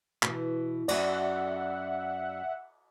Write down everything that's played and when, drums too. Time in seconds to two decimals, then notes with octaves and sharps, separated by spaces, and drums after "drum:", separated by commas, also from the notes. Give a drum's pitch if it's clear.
0.23 B2 E3, drum: clap
0.88 F#2 F#4 D5 E5 F#5 G#5, drum: cymbal